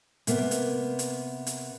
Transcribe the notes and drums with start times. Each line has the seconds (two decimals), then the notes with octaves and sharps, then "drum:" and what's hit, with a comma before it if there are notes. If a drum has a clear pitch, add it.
0.27 C3 A#3 B3, drum: hi-hat
0.51 drum: hi-hat
0.99 drum: hi-hat
1.47 drum: hi-hat